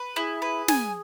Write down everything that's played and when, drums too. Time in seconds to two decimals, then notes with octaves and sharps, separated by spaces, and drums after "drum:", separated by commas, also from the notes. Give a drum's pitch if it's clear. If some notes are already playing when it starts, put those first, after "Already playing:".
Already playing: B4
0.16 E4 G#4
0.42 G#4 B4
0.68 G#5, drum: snare